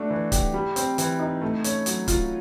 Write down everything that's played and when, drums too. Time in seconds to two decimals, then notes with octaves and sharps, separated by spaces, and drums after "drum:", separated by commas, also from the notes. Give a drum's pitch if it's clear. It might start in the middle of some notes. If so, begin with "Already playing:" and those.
Already playing: A3 D4 F#4
0.10 E3
0.32 G4, drum: kick C#1, hi-hat
0.54 G3
0.76 C4, drum: hi-hat
0.98 E3, drum: hi-hat
1.20 D#4
1.41 A3
1.64 C#4, drum: hi-hat
1.86 F#3, drum: hi-hat
2.08 F4, drum: kick C#1, hi-hat